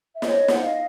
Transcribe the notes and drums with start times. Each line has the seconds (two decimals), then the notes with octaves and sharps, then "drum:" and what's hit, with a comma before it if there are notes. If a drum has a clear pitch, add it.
0.15 E5
0.22 D#4 C#5 D#5, drum: snare
0.48 D#4 F#5, drum: snare
0.61 D#5 F5